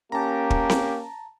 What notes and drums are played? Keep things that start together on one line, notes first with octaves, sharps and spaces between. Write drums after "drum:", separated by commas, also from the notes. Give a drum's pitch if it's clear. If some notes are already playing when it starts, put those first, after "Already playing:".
A#3 C#4 G4 A5 A#5
drum: kick
drum: snare C4